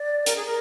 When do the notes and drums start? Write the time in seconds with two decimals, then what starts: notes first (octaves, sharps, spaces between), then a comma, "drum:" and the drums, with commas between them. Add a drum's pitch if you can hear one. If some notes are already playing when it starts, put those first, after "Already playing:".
Already playing: D5
0.26 A#4, drum: hi-hat
0.36 G#4
0.45 A#4